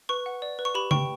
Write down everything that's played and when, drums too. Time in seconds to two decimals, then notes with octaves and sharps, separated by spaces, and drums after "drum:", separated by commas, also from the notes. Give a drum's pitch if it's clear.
0.09 B4 C#6
0.26 F#5
0.42 D5
0.59 B4
0.65 C#6
0.75 G4 B5
0.91 G5 C#6, drum: tom C#3